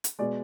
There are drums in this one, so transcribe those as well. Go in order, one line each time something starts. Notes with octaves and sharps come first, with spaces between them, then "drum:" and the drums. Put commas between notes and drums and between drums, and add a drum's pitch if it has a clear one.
drum: hi-hat
B2 G#3 D5